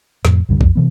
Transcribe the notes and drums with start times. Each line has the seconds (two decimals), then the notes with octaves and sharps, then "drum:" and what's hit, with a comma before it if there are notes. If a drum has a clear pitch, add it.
0.25 F2 A2, drum: snare
0.49 C2 F#2 D3 G3
0.61 F2, drum: kick A#1
0.75 C3 E3 B3